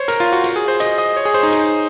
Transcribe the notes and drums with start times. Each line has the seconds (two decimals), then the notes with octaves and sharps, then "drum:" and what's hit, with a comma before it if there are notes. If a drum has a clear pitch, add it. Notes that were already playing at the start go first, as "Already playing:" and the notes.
Already playing: C5 C#5
0.08 A#4, drum: hi-hat
0.20 F4
0.32 F#4
0.44 drum: hi-hat
0.56 G#4
0.68 C5
0.80 D#5, drum: hi-hat
0.98 D#5
1.17 C#5
1.25 G#4
1.34 C5
1.43 D#4
1.52 drum: hi-hat